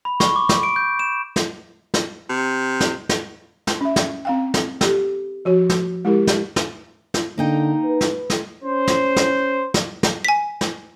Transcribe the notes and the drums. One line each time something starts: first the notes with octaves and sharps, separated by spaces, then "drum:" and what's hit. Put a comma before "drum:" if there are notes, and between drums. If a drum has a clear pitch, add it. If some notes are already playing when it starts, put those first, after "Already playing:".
B5
C#6, drum: snare
D6
drum: snare
D7
G6
E7
drum: snare
drum: snare
C3
drum: snare
drum: snare
drum: snare
C#4 E5
drum: snare
C4 F5 G5
drum: snare
G4 A4, drum: snare
F3 F#4 C#5
drum: snare
G#3 E4 G4 A#4
drum: snare
drum: snare
drum: snare
D3 A#3 D#4 G5
B4
drum: snare
drum: snare
C#4 C5
drum: snare
drum: snare
drum: snare
drum: snare
G#5 B6
drum: snare